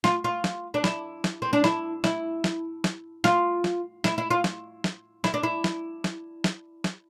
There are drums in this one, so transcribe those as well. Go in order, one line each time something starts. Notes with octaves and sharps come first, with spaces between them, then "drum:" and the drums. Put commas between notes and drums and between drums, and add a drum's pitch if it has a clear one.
F4, drum: snare
F4
drum: snare
D4
E4, drum: snare
drum: snare
C4
D4
E4, drum: snare
E4, drum: snare
drum: snare
drum: snare
F4, drum: snare
drum: snare
E4, drum: snare
E4
F4
drum: snare
drum: snare
E4, drum: snare
D4
E4
drum: snare
drum: snare
drum: snare
drum: snare